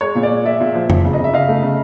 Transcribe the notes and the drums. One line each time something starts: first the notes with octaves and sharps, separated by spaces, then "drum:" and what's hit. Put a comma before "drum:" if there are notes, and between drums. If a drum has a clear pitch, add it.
G#3 C#5
A#2
D5
G#3
G#3 D5 E5
A#2
F3
F3, drum: tom F2
C#3
D#5
C#3
E5
C#3 D#5 F5
A3
C#3